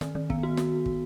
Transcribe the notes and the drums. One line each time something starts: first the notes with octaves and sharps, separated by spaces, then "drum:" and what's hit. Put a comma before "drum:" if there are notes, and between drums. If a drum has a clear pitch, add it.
D#3, drum: snare
D#3
B3, drum: kick
F#4
drum: snare
drum: kick